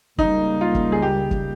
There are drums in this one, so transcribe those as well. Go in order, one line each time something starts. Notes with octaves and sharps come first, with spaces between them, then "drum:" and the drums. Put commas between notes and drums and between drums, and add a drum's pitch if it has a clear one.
C#2 C#3 G3 A#3 D#4, drum: kick
F4
drum: kick
G#4
G4
drum: kick